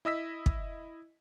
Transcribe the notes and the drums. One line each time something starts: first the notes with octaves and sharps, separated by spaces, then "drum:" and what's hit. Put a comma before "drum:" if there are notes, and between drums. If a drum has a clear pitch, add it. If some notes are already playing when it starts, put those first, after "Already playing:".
E4 D#5 E6 B6
drum: kick